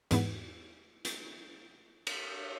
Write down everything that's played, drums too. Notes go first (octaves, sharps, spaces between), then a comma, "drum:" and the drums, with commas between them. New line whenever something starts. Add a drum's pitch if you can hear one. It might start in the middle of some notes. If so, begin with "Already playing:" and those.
E2 G#2 B3, drum: hi-hat
drum: hi-hat
drum: cymbal